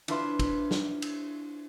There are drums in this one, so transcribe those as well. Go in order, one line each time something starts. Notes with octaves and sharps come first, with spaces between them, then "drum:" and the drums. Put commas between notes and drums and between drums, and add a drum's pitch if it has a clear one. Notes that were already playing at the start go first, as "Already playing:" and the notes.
D4 E4 F4 B4 E5 C6, drum: cymbal
drum: kick, cymbal
drum: snare
drum: cymbal